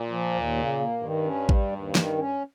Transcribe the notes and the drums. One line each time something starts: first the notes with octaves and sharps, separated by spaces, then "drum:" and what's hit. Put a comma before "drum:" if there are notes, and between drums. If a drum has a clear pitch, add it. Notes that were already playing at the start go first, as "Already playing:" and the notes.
Already playing: A#2
F3
D#2
C#3
A#3
G2 D#3
C#4
G3, drum: kick A1
D#2
D#3, drum: snare
C#4